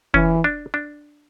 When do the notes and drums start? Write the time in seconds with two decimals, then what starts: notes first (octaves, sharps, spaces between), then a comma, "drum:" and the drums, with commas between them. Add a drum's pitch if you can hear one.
0.14 E3 C#4, drum: kick F1
0.44 D4
0.74 D4